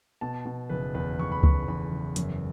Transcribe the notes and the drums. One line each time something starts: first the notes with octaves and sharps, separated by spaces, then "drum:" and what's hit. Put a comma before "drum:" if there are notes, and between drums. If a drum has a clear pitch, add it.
B2 A5
B2
F#1 B4
E2 B4
F#1 C#6
B5
F#1 C#6, drum: kick C#2
E2 B5
F#1
F#2, drum: hi-hat